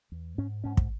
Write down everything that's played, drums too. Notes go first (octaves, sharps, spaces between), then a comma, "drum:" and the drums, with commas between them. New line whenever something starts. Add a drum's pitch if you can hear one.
E2
G#2 C#4
G#2 C#4
drum: kick